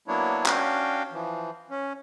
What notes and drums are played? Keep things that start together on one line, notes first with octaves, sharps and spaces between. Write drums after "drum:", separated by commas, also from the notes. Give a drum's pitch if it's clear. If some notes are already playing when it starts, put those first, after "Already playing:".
F#3 A#3 B3 D4 E4 C#5
C#4 D4 F#4 F5 G5, drum: clap
E3 F3
C#4